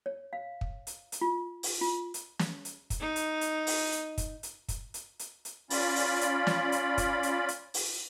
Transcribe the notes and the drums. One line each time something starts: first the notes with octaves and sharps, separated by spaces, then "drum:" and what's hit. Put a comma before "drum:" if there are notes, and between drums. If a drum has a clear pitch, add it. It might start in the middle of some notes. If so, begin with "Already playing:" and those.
C#5
F5
drum: kick
drum: hi-hat
drum: hi-hat
F4
drum: open hi-hat
F4
drum: hi-hat
drum: snare
drum: hi-hat
drum: kick, hi-hat
D#4
drum: hi-hat
drum: hi-hat
drum: open hi-hat
drum: hi-hat
drum: kick, hi-hat
drum: hi-hat
drum: kick, hi-hat
drum: hi-hat
drum: hi-hat
drum: hi-hat
C#4 F4 D5 B5, drum: open hi-hat
drum: open hi-hat
drum: hi-hat
drum: snare
drum: hi-hat
drum: kick, hi-hat
drum: hi-hat
drum: hi-hat
drum: open hi-hat